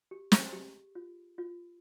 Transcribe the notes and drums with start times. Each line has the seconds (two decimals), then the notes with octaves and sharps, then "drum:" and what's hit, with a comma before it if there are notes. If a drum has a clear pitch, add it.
0.11 G4
0.32 G#4, drum: snare
0.52 G4
0.95 F4
1.38 F4